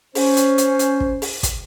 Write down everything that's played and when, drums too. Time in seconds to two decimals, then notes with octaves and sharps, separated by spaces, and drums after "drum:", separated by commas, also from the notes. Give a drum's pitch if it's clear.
0.15 C#4 C5, drum: open hi-hat
0.37 drum: hi-hat
0.58 drum: hi-hat
0.79 drum: hi-hat
1.00 drum: kick
1.22 drum: open hi-hat
1.43 drum: kick, hi-hat